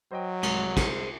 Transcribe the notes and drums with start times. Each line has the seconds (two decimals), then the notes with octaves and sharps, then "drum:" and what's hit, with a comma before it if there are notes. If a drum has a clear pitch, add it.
0.11 F#3 C5 D#5 G5
0.43 C2 G#2 G#3 D#6, drum: cymbal
0.77 G#4 C5, drum: kick, cymbal